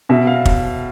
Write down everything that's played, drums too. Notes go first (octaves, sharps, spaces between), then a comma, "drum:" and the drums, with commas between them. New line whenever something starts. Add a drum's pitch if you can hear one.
B2 E5
F5
drum: kick